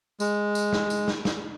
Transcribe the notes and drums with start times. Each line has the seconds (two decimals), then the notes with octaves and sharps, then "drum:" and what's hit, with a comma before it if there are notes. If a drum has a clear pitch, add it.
0.20 G#3, drum: tambourine
0.55 drum: tambourine
0.73 drum: snare
0.90 drum: tambourine
1.08 drum: snare
1.25 drum: snare